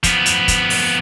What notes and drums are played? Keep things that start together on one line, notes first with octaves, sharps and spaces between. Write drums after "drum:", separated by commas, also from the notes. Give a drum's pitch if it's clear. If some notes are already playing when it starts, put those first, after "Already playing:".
F3 B3, drum: kick, hi-hat
drum: hi-hat
drum: kick, hi-hat
drum: open hi-hat